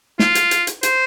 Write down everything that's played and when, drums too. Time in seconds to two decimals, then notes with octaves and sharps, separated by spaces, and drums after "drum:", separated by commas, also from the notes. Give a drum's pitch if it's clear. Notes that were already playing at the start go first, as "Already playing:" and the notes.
0.19 F4, drum: snare
0.35 drum: hi-hat
0.51 drum: hi-hat
0.67 drum: hi-hat
0.83 C5, drum: hi-hat